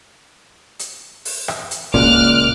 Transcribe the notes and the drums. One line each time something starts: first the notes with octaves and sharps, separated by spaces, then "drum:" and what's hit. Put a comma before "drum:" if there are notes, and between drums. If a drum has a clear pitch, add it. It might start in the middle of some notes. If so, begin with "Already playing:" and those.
drum: hi-hat
drum: open hi-hat
drum: rim click
drum: hi-hat
C#2 A#2 C#3 D6 F6 F#6, drum: kick C2